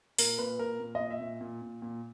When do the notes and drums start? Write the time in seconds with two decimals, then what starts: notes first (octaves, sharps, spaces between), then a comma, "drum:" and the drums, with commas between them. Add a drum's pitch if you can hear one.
0.19 A#2 A#4, drum: open hi-hat
0.38 A#2 B4
0.59 A#2 A#4
0.80 A#2
0.95 D#5
1.00 A#2
1.11 E5
1.21 A#2
1.41 A#2
1.62 A#2
1.82 A#2